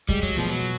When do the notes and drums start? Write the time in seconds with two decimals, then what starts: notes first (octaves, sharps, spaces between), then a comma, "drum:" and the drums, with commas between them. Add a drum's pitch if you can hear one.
0.09 G3 G#3, drum: kick
0.22 F#3
0.36 B2 F3
0.49 F#3